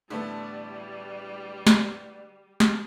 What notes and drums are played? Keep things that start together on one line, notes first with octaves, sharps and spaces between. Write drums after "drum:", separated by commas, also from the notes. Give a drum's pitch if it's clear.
A2 D3 E3 G3 A3 B3 D4 D5
drum: snare
drum: snare